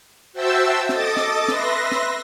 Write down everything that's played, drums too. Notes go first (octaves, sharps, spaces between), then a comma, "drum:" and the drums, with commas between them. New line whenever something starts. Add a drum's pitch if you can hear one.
F#4 C5 E5 G5 A5 E6
A4 D#5 D6 D#6 A6, drum: snare
drum: snare
B4 E5 C6 A#6, drum: snare
drum: snare